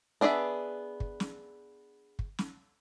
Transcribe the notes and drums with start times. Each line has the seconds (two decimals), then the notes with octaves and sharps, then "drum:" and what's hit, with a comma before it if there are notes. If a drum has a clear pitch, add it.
0.21 B3 D4 G#4 C5 E5
1.00 drum: kick
1.20 drum: snare
2.19 drum: kick
2.39 drum: snare